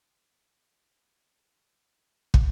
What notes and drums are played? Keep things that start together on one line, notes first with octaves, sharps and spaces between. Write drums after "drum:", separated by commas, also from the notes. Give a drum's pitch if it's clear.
E1 F#2 B2 D5 G#5 A5
A#2 F#3
C3 D#3 F#3 G4 B4 B5
F2 C3 D#3 A4 A#4 C6
drum: kick